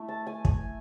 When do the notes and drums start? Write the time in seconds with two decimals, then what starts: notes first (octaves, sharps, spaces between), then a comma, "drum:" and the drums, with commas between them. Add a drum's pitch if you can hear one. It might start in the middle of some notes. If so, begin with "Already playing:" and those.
Already playing: A3 E4 E5
0.08 A5
0.27 G#5
0.45 G#5, drum: kick